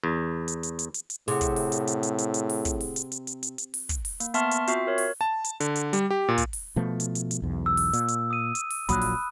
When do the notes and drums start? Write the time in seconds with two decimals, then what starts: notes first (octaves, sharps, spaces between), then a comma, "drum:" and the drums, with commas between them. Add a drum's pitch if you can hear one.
0.04 E2
0.48 drum: hi-hat
0.63 drum: hi-hat
0.79 drum: hi-hat
0.94 drum: hi-hat
1.10 drum: hi-hat
1.28 A2 C3 G#4 F#5, drum: open hi-hat
1.41 drum: kick, hi-hat
1.56 drum: open hi-hat
1.72 drum: hi-hat
1.87 drum: hi-hat
2.03 drum: hi-hat
2.18 drum: hi-hat
2.34 drum: hi-hat
2.49 drum: open hi-hat
2.65 drum: kick, hi-hat
2.81 drum: open hi-hat
2.96 drum: hi-hat
3.12 drum: hi-hat
3.27 drum: hi-hat
3.43 drum: hi-hat
3.58 drum: hi-hat
3.74 drum: open hi-hat
3.89 drum: kick, hi-hat
4.05 drum: open hi-hat
4.20 A#3, drum: hi-hat
4.34 B3 E5 A5 C6 C#6 F6, drum: hi-hat
4.51 drum: hi-hat
4.67 C4 F4 F#4 E5 C7, drum: hi-hat
4.87 A#4 C#5
4.98 drum: open hi-hat
5.21 A5
5.44 drum: hi-hat
5.60 D3, drum: hi-hat
5.75 drum: hi-hat
5.93 G3, drum: hi-hat
6.10 G4
6.28 A#2
6.38 drum: kick, hi-hat
6.53 drum: open hi-hat
6.76 B2 F3 A3
7.00 drum: hi-hat
7.15 drum: hi-hat
7.31 drum: hi-hat
7.42 B1 E2
7.66 E6
7.77 drum: open hi-hat
7.93 A#2, drum: hi-hat
8.08 drum: hi-hat
8.31 D#6 D#7
8.55 drum: hi-hat
8.70 drum: open hi-hat
8.89 A#1 A#2 F#3 B5 D#6 F#6, drum: kick, hi-hat
9.01 drum: open hi-hat